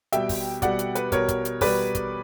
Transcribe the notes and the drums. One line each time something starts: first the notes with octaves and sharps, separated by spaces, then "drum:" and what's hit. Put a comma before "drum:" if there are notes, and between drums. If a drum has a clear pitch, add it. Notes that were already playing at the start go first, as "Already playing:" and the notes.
B2 G3 E5 G5, drum: hi-hat
drum: kick, open hi-hat
B2 G3 D5 F#5, drum: kick, hi-hat
drum: hi-hat
B4, drum: hi-hat
B2 G3 A#4 C#5, drum: kick, hi-hat
drum: kick, hi-hat
drum: hi-hat
B2 G3 B4 D5, drum: kick, open hi-hat
drum: kick, hi-hat